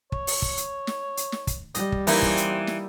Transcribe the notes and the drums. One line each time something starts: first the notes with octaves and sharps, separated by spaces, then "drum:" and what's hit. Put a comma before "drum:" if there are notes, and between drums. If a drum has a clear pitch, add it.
C#5, drum: kick
drum: open hi-hat
drum: kick
drum: hi-hat
drum: snare
drum: hi-hat
drum: snare
drum: kick, hi-hat
G3 D#5, drum: hi-hat
drum: kick
E3 A#3 C4 D#4 E4, drum: open hi-hat
drum: kick
drum: hi-hat
drum: snare